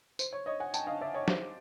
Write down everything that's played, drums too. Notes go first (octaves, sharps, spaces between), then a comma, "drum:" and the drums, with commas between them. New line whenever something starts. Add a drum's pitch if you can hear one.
C5, drum: tambourine
C#5
C#5 D#5
F#5 G#5
G5 A5, drum: tambourine
D#5 F5
D5 E5
C#5 D#5
C5 D5, drum: snare